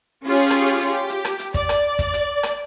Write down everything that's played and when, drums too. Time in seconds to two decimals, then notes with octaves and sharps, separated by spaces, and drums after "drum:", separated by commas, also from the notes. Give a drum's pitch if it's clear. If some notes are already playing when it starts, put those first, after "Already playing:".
0.25 C#4 F4 G4 G#4 C#5
0.36 drum: hi-hat
0.50 drum: rim click
0.65 drum: hi-hat
0.80 drum: hi-hat
0.89 G4
1.10 drum: hi-hat
1.25 drum: rim click
1.39 drum: hi-hat
1.54 D5, drum: kick, hi-hat
1.69 drum: rim click
1.99 drum: kick, hi-hat
2.14 drum: hi-hat
2.43 drum: rim click